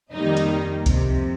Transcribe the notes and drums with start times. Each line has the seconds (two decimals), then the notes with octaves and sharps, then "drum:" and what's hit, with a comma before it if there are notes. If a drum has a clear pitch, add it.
0.12 F2 D#3 G3 A#3 D#4 D#5
0.37 drum: hi-hat
0.86 F2 C3 F3, drum: kick B1, hi-hat